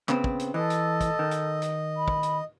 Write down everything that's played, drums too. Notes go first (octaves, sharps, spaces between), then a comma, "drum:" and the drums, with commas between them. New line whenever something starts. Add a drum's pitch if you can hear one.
C#3 B3 C4, drum: clap
drum: kick
drum: hi-hat
E3 A4 D#5
drum: hi-hat
drum: kick, hi-hat
D#3
drum: hi-hat
drum: hi-hat
B5
drum: kick
drum: hi-hat